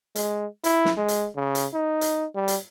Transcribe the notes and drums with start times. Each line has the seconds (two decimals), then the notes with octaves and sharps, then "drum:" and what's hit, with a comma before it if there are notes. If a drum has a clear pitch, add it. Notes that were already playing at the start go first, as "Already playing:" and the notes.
0.15 G#3, drum: hi-hat
0.64 E4, drum: hi-hat
0.85 drum: snare
0.97 G#3
1.08 drum: hi-hat
1.36 C#3
1.55 drum: hi-hat
1.73 D#4
2.01 drum: hi-hat
2.35 G3
2.48 drum: hi-hat